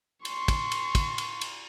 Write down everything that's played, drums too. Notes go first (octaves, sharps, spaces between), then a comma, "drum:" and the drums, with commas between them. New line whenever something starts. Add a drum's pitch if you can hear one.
C6 C#6, drum: cymbal
drum: kick, cymbal
drum: cymbal
drum: kick, cymbal
drum: cymbal
drum: cymbal